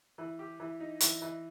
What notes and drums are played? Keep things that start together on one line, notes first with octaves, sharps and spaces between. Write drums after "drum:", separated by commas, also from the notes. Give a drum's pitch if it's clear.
E3
G4
E3
D#4
E3, drum: hi-hat
E3